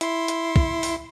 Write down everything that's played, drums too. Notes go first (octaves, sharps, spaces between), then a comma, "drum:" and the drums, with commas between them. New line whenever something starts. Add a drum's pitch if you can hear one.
E4 C6, drum: hi-hat
drum: hi-hat
drum: kick
drum: open hi-hat